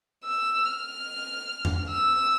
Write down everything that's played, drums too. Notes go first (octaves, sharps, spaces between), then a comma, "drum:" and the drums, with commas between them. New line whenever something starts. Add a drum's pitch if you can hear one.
E6
F6
drum: tom F2
E6